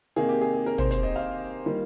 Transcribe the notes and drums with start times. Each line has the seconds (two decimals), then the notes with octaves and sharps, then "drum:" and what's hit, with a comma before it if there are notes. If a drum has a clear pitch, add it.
0.16 C3 D#3 A#3 G#4
0.29 G4
0.41 G#4
0.54 G#4
0.66 A#4
0.78 C5, drum: tom
0.91 C5, drum: hi-hat
1.03 D#5
1.16 F5
1.66 D#3 G3 A#3 F4